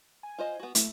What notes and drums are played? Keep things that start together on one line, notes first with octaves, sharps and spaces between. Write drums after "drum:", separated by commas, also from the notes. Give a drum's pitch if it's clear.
G#5
F4 C5 D#5
B3 F#4
A3 E4, drum: hi-hat